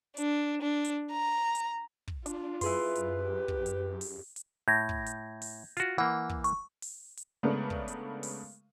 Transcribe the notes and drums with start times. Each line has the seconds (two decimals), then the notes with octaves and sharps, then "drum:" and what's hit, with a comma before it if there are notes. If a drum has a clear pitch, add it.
0.17 D4, drum: hi-hat
0.62 D4
0.84 drum: hi-hat
1.11 A#5
1.55 drum: hi-hat
2.08 drum: kick
2.26 D4 F4, drum: hi-hat
2.61 F#2 E4 G#4 B4 C6, drum: open hi-hat
2.95 drum: hi-hat
3.23 G4
3.48 drum: kick
3.66 drum: hi-hat
4.01 drum: open hi-hat
4.36 drum: hi-hat
4.68 A2 G6 G#6 A#6
4.89 drum: kick
5.06 drum: hi-hat
5.42 drum: open hi-hat
5.77 F4 F#4, drum: hi-hat
5.98 E3 A#3 F#5
6.29 drum: kick
6.44 C#6, drum: hi-hat
6.82 drum: open hi-hat
7.17 drum: hi-hat
7.43 C#3 G#3 A3 B3 D4 A#4
7.70 drum: kick
7.88 drum: hi-hat
8.23 drum: open hi-hat